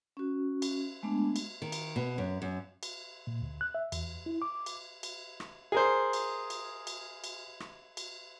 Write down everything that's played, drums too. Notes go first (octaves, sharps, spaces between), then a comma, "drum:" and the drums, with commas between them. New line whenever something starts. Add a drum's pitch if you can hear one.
C#4 F#4
drum: cymbal
G#3 A3 B3 D4
drum: cymbal
D#3
drum: cymbal
B2
F#2
F#2
drum: cymbal
A#2
D2
F#6
E5
E2, drum: cymbal
E4
D6
drum: cymbal
drum: cymbal
drum: rim click
G#4 A#4 C5
drum: cymbal
drum: cymbal
drum: cymbal
drum: cymbal
drum: rim click
drum: cymbal